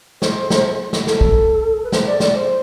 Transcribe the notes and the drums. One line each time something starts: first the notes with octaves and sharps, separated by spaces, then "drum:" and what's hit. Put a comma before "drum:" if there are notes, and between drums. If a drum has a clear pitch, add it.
C5, drum: snare
drum: snare
drum: snare
A4, drum: snare
drum: kick
B4
C5, drum: snare
D5
D5, drum: snare
C5